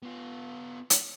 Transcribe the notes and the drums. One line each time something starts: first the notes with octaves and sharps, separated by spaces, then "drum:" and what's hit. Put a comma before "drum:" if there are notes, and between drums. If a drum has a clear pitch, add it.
B3 F4
drum: hi-hat